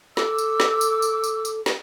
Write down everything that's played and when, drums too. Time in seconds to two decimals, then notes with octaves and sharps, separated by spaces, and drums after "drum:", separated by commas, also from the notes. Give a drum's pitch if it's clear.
0.17 A4 D6 E6, drum: snare
0.38 drum: tambourine
0.60 drum: snare
0.81 drum: tambourine
1.02 drum: tambourine
1.24 drum: tambourine
1.45 drum: tambourine
1.66 drum: snare